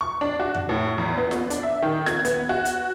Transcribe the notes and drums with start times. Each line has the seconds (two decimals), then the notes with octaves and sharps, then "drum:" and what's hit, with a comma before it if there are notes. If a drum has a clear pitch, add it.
0.01 C#6
0.21 D4
0.40 F#4
0.54 drum: tom F2
0.69 A2
0.98 E2
1.18 B3
1.31 drum: snare F4
1.50 D4, drum: hi-hat
1.63 E5
1.82 D#3
2.06 G#6, drum: snare F4
2.25 B3, drum: hi-hat
2.49 F#4
2.65 drum: hi-hat